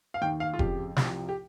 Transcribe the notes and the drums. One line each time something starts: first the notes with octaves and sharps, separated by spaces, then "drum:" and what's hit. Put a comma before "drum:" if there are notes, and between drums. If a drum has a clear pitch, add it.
F5
D#2 D#3 G5
F5
F4
F2 C#3 F3 G4, drum: kick F1
C2 C3 F3, drum: snare
G4